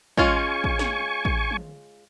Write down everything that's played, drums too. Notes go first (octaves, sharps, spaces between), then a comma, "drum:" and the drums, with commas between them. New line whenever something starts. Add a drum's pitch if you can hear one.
G#3 C#4 F4 G#5 C#6, drum: kick A1
drum: kick A1
drum: snare
drum: kick A1
drum: tom